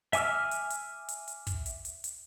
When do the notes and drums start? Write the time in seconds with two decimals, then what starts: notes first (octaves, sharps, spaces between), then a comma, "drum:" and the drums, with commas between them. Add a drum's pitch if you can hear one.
0.13 E5 G#5 D6 E6 F6, drum: hi-hat
0.51 drum: hi-hat
0.70 drum: hi-hat
1.08 drum: hi-hat
1.28 drum: hi-hat
1.47 drum: kick, hi-hat
1.66 drum: hi-hat
1.85 drum: hi-hat
2.04 drum: hi-hat